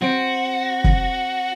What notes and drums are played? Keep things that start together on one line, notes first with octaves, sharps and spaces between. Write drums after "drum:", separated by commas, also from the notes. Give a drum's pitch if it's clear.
C4 F#4 D7
drum: kick